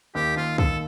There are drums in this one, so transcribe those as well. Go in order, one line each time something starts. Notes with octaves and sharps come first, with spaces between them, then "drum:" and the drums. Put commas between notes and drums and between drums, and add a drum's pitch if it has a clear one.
D#2 G4
D#2 F4
D#2 A4, drum: kick